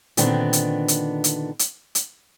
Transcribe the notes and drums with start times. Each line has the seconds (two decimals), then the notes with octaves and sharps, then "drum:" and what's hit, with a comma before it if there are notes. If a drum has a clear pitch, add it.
0.17 A#2 D3 D#3 B3 C4 D4, drum: hi-hat
0.53 drum: hi-hat
0.88 drum: hi-hat
1.24 drum: hi-hat
1.59 drum: hi-hat
1.95 drum: hi-hat